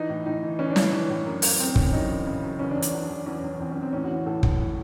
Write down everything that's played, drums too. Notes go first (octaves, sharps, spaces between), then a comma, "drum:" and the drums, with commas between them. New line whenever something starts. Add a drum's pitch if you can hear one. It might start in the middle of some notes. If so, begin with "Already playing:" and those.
Already playing: E3 D#4
A2
A2 D#4
E3
E3 C#4
D4
E3, drum: snare
D4
E3 C#4
A2
F#2
F#2, drum: open hi-hat
F#2 C4
E3 C#4, drum: kick
F#2 D#4
C#3
C#3
F#2
E2 C#4
D4
E2
D4, drum: hi-hat
E2
E2
E2 C#4
E2
E2 C4
E2 C#4
C4
A2 C#4
F#4
E3
A2 A4
A2, drum: kick
A2